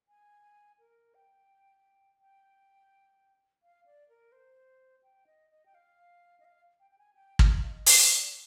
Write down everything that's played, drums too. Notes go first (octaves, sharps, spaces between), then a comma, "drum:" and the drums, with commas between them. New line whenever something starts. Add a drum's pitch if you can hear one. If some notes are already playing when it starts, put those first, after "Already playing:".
G#5
A#4
G5
G5
F5
D5
A#4
C5
G5
D#5
D#5
G5
F5
D#5
F5
G5
G5
G#5
G5
F5, drum: kick
D#5
F5, drum: open hi-hat
D5